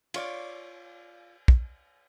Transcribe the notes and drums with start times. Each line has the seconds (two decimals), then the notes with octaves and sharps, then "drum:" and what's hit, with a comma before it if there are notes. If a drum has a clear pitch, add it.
0.14 F4 C#5 D5, drum: cymbal
1.48 drum: kick